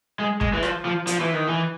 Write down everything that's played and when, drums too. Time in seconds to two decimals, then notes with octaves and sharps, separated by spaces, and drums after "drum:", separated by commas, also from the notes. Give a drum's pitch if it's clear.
0.19 G#3
0.41 G#3, drum: kick
0.53 E3
0.63 F3, drum: rim click
0.85 F3
1.07 F3, drum: hi-hat
1.20 E3
1.34 D#3
1.47 E3